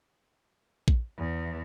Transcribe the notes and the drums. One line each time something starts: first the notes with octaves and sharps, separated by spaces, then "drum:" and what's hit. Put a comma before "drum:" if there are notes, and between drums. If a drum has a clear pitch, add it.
drum: kick A#1
E2